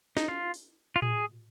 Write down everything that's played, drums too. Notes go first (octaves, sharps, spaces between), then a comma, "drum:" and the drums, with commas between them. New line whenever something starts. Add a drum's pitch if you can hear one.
D#4, drum: snare
F4
drum: open hi-hat
F4
G#4, drum: tom A2